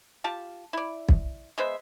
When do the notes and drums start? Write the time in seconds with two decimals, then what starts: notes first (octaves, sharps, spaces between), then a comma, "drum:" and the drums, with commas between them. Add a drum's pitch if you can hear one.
0.24 F4 G4 A5
0.73 E4 D5
1.09 drum: kick
1.58 G#3 B3 C5 E5